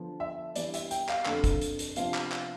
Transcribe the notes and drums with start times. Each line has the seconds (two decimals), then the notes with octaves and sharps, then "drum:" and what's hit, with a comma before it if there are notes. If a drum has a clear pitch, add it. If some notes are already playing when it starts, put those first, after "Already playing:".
Already playing: D3 F3 B3
0.20 E5
0.56 G2 E3 B3 E4 D5, drum: hi-hat
0.74 E5, drum: hi-hat
0.91 G5, drum: hi-hat
1.09 F5, drum: clap
1.26 F2 D3 A3 D4, drum: clap
1.44 drum: kick, hi-hat
1.61 drum: hi-hat
1.79 drum: hi-hat
1.96 C3 F3 B3 D4 F4 F5, drum: hi-hat
2.14 drum: clap
2.32 drum: clap